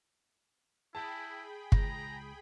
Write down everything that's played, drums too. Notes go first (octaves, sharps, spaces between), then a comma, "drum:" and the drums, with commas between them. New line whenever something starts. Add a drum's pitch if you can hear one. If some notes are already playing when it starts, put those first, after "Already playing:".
E4 G#4 G5 A5 B5
C#2 A#5, drum: kick